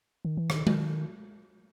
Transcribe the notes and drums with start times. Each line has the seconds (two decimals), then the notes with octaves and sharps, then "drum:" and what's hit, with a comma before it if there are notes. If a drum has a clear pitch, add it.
0.25 D#3
0.37 E3
0.50 D#3, drum: rim click
0.67 D#3, drum: tom G#3